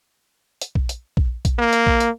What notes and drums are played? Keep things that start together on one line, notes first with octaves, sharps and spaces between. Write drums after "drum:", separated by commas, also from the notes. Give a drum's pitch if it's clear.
drum: hi-hat
drum: kick A#1
drum: hi-hat
drum: kick A#1
drum: kick A#1, hi-hat
A#3
drum: hi-hat
drum: kick A#1
drum: hi-hat